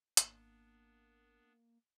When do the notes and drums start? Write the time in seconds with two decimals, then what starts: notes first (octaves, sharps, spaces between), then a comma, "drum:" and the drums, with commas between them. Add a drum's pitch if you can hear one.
0.17 G#1 A#3 B3 D4, drum: hi-hat